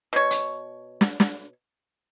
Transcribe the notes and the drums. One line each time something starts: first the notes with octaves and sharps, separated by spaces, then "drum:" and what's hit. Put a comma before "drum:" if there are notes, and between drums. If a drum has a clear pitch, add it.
B2 C#5
drum: hi-hat
drum: snare
drum: snare